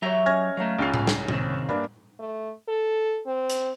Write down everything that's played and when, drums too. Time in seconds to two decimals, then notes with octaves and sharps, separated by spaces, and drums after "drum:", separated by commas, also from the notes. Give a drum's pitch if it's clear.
0.02 F#3 G4 C#5 E5 A#5
0.26 C#4 D#5 F6 G#6 A#6
0.57 F#3 A3 C#5 F5 A#5
0.79 C#2 C#4 F4 G4 C7
0.94 drum: tom A2
1.07 drum: snare
1.28 C3 D#3 C4, drum: tom A2
1.69 G2 A#3 D4 B4 D5 F5
2.19 A3
2.68 A4
3.27 C4
3.50 drum: hi-hat